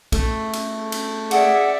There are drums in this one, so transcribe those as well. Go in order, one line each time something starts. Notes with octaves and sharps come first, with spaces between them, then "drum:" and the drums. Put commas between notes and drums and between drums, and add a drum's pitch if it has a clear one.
A3, drum: kick, cymbal
drum: cymbal
drum: cymbal
G#4 D5 E5 F#5, drum: cymbal